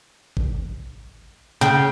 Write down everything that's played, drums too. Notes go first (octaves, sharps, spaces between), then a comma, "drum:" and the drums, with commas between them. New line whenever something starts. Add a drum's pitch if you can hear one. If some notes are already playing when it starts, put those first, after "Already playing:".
drum: kick G#1
C#3 G5, drum: snare